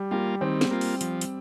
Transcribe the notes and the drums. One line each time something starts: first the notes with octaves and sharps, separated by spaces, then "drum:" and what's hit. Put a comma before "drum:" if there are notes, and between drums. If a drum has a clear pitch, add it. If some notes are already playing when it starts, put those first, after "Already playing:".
Already playing: G3
G3 A#3 F4
D#3 C4
drum: snare
A#3 F4
drum: open hi-hat
F3, drum: hi-hat
drum: hi-hat